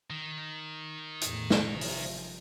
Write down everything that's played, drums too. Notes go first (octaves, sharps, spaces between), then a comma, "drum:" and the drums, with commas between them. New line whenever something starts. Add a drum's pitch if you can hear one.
D#3
E2 A2, drum: hi-hat
drum: snare
G1 C3 F3
drum: open hi-hat